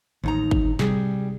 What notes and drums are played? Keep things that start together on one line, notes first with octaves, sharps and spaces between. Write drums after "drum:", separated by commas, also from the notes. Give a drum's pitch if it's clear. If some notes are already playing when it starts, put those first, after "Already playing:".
A1 D#2 D#4 A#5
drum: kick G#1
C3 G3 G#4, drum: snare